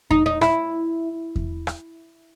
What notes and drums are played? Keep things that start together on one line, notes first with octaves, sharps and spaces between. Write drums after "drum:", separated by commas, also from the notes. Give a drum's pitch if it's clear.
D#4, drum: kick E2
D#4
E4, drum: rim click
drum: kick E2
drum: rim click